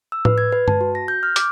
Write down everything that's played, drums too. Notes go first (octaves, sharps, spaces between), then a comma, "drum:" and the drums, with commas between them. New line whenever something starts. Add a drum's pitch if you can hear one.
E6
B4, drum: tom A2
G#6
B4
A5, drum: tom G2
F#4
A#6
G6
F6
D6, drum: hi-hat